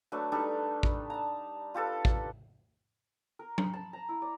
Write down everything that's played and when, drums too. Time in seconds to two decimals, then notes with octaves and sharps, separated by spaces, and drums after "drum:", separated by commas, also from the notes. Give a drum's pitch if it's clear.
0.12 F#3 A3 D4 B4
0.32 G3 D4 D#4 A4
0.83 drum: kick A1
1.10 A5 A#5
1.74 F4 G4 A4 B4
2.05 drum: kick A1
3.39 A#4
3.58 B5, drum: tom F#3
3.73 A5
3.93 A#5
4.09 E4
4.22 D5